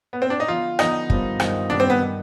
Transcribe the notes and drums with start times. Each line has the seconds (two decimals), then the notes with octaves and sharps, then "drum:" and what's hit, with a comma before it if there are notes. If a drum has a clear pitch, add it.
0.13 B3
0.22 C4
0.30 D4
0.40 D#4
0.48 D3 F3 B3 F4
0.79 D3 F3 B3 D#4, drum: rim click
1.10 G2 D#3 B3 F4 C5, drum: kick
1.40 G2 D#3 B3 F4 C5, drum: rim click
1.70 G2 D#3 B3 D4
1.80 C4
1.90 B3
2.01 D#3 B3